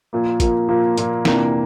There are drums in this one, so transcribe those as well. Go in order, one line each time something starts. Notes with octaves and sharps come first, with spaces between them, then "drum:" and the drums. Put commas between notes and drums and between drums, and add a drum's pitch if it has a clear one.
A#2 F3 A#3
A#2 F3 A#3, drum: kick G#1, hi-hat
A#2 F3 A#3
A#2 F3 A#3, drum: hi-hat
F2 C3 E3 A#3 D4, drum: snare